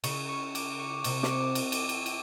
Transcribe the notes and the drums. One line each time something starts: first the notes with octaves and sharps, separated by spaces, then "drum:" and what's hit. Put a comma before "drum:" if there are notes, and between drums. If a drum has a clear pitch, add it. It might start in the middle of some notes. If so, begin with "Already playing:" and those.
C#3 C#6, drum: cymbal
C#6
D6, drum: cymbal
D6
C#6
C3 C#6, drum: cymbal
D6, drum: snare
C#6
drum: cymbal
drum: cymbal
drum: cymbal
drum: cymbal